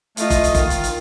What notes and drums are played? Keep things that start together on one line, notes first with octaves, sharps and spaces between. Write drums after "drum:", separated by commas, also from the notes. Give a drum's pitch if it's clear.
A3 F4 D#5, drum: hi-hat
drum: kick F#1, hi-hat
drum: hi-hat
D#3 F4, drum: kick F#1, hi-hat
drum: hi-hat
drum: hi-hat